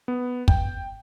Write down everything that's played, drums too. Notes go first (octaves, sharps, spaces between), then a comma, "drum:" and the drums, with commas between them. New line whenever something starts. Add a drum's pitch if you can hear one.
B3
G5, drum: kick